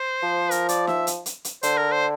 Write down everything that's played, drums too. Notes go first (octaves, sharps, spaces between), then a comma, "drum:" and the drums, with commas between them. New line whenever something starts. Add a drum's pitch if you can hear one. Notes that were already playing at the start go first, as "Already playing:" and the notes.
Already playing: C5
F3
A#4, drum: hi-hat
D5, drum: hi-hat
E5, drum: snare
drum: hi-hat
drum: hi-hat
drum: hi-hat
D3 C5, drum: hi-hat
A#4
C5